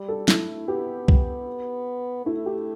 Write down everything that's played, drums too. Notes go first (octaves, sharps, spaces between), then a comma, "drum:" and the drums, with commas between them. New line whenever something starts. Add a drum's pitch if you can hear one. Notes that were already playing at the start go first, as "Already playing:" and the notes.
Already playing: G3
A4
A3 E4, drum: snare
B3 G4
drum: kick
A3 E4
G4